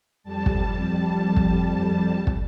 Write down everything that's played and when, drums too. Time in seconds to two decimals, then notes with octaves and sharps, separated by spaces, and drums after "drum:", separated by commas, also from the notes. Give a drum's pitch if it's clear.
0.23 F2 G3 A5
0.46 drum: kick
1.36 drum: kick
2.27 drum: kick